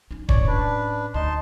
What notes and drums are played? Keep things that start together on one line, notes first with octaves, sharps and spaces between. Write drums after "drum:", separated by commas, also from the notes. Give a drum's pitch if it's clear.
C#4 D#4
A2 C#4 C#5 D5, drum: kick D#1
D4 B4
D2 D#4 A5 C6